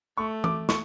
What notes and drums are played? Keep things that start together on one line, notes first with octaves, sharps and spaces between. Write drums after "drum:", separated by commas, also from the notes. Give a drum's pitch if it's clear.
A3 C#6
D6, drum: tom E3
C#6, drum: snare